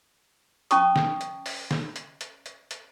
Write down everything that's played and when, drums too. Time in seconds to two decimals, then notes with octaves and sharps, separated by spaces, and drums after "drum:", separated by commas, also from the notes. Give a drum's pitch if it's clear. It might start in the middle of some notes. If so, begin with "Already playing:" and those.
0.71 C#4 A5 C#6 D#6, drum: hi-hat
0.96 drum: snare
1.21 drum: hi-hat
1.46 drum: open hi-hat
1.71 drum: snare
1.96 drum: hi-hat
2.21 drum: hi-hat
2.46 drum: hi-hat
2.71 drum: hi-hat